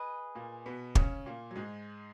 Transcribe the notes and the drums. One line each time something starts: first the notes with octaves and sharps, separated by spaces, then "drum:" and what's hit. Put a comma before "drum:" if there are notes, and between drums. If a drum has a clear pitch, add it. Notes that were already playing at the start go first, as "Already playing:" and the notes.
Already playing: G#4 B4 D#5
A#2 A#3
B2 B3
C#3 C#4, drum: kick
A#2 A#3
F#3
G#2 G#3